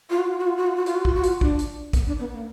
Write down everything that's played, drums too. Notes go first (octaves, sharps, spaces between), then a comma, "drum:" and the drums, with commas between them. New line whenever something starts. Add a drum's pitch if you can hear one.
F4
F#4
F4
F#4
F4
F#4
F4
F#4
F4, drum: hi-hat
F#4
F4, drum: kick
F#4
F4, drum: hi-hat
D4, drum: kick
drum: hi-hat
B3, drum: kick, hi-hat
D4
B3
A#3